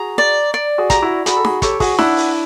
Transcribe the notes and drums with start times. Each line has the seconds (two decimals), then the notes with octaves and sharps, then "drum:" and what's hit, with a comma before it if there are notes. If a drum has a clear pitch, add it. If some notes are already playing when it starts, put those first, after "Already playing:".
Already playing: F#4 G#4 A#5
0.18 D5
0.54 D5
0.78 F#4 G#4
0.90 G4 A#5, drum: kick, hi-hat
1.02 E4 F#4
1.26 F#4 G#4 B5, drum: hi-hat
1.37 A4
1.45 F#4 G#4, drum: snare D#4
1.62 G4 A4 C#5, drum: kick, hi-hat
1.80 F#4 G#4, drum: kick, open hi-hat
1.98 D4 E4 F#5, drum: snare D#4
2.17 drum: open hi-hat